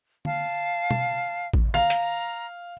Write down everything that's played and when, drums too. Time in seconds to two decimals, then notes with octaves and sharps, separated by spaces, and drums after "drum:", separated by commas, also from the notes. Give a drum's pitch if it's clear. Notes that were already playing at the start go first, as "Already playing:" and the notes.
0.25 F5 A5, drum: tom D3
0.91 drum: tom
1.54 drum: kick
1.74 F5 A#5, drum: tom D3
1.90 drum: hi-hat